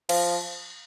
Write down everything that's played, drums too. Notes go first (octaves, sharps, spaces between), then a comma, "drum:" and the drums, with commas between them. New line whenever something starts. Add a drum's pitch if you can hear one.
F3, drum: cymbal